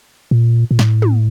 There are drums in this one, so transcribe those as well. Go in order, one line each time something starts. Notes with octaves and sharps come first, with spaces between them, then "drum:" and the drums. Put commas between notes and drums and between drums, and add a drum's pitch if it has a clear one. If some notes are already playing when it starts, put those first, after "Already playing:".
A#2
A#2
A2, drum: snare
drum: tom